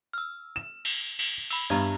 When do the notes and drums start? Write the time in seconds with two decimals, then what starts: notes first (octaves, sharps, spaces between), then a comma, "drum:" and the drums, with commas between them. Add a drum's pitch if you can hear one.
0.14 E6 F6
0.56 E7
0.85 drum: cymbal
1.19 drum: cymbal
1.51 B5 E6, drum: cymbal
1.70 G2 B3 A#5 G#6